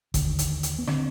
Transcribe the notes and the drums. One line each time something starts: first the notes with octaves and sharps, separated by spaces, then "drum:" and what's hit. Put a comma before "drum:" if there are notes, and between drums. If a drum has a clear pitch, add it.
D#2 D3, drum: kick G1, hi-hat
drum: hi-hat
drum: hi-hat
B3
D3 C4, drum: rim click